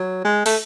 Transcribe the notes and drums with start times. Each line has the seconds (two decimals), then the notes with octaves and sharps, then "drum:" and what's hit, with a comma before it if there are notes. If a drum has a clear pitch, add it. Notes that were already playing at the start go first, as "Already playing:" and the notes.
Already playing: F#3
0.25 G#3
0.46 A3, drum: open hi-hat